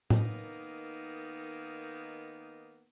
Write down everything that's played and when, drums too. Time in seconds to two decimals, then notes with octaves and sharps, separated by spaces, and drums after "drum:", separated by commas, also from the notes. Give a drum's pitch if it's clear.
0.10 D#3 A#3 B3 D#4, drum: tom A2